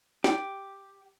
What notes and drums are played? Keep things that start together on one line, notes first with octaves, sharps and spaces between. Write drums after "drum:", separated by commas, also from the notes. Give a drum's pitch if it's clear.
G4, drum: snare